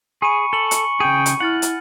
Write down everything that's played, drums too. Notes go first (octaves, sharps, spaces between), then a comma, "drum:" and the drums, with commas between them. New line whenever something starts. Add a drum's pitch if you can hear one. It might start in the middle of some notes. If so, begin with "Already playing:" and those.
G#4 G#5 B5 C#6 D#7
A4 F#7 G7
drum: hi-hat
C#3 G#4 G5 D#7
drum: hi-hat
E4 F#5 F6 A6 F#7
drum: hi-hat